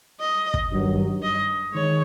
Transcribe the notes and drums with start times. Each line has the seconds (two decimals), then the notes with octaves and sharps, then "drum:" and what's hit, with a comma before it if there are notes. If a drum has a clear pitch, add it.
0.20 D#5
0.54 drum: kick
0.71 G2 D#3 F#3
1.22 D#5
1.73 D#3 G#3 C#5